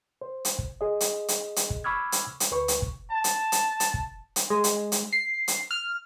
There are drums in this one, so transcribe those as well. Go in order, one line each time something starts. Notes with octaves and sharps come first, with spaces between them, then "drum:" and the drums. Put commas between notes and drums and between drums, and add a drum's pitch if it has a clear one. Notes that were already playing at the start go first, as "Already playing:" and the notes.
C5
drum: hi-hat
drum: kick
G#4 D#5
drum: hi-hat
drum: hi-hat
drum: hi-hat
drum: kick
B5 C#6 D6 E6 F6 G#6
drum: hi-hat
drum: hi-hat
D2 B4 C#6
drum: hi-hat
drum: kick
A5
drum: hi-hat
drum: hi-hat
drum: hi-hat
drum: kick
drum: hi-hat
G#3
drum: hi-hat
drum: hi-hat
C7
drum: hi-hat
F6